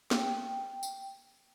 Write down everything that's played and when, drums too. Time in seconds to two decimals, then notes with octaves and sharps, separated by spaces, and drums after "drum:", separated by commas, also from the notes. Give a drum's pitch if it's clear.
0.11 G5, drum: snare
0.83 drum: tambourine